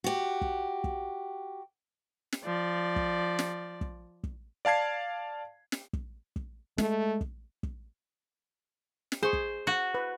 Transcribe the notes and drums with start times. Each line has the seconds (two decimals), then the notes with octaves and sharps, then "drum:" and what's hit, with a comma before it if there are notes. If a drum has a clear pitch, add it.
0.04 F#4 G4
0.41 drum: kick
0.84 drum: kick
2.32 drum: snare
2.45 F3 D5
2.96 drum: kick
3.39 drum: snare
3.81 drum: kick
4.24 drum: kick
4.65 D5 F5 A5 G#6 C7
5.72 drum: snare
5.93 drum: kick
6.36 drum: kick
6.78 G#3 A3, drum: snare
7.21 drum: kick
7.63 drum: kick
9.12 drum: snare
9.23 G#4 C5 C#6
9.33 drum: kick
9.67 F#4
9.94 B4